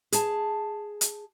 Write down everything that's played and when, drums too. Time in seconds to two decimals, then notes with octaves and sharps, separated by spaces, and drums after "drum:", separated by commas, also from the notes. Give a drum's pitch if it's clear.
0.12 G#4 A5, drum: hi-hat
1.01 drum: hi-hat